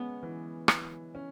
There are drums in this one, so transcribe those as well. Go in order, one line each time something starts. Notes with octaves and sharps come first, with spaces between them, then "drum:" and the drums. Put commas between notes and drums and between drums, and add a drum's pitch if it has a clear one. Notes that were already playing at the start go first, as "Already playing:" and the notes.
Already playing: G#3 B3 C#4
E3
E3, drum: rim click
C#4